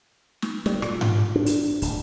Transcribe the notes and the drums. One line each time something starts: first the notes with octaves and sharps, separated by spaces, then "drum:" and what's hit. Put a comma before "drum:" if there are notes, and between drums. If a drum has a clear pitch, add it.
drum: snare
G3, drum: snare
A#2, drum: rim click
drum: tom G#2
D4
drum: hi-hat
D1, drum: hi-hat